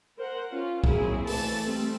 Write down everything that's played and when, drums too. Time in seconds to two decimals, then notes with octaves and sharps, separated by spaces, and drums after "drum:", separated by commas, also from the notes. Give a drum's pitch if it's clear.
0.17 A#4 C5 F#5
0.51 C#4 F4
0.84 F#3 A#3 C4 E4 G#4, drum: kick B1
1.27 E3 A3 A5, drum: open hi-hat
1.65 G3 A3 C4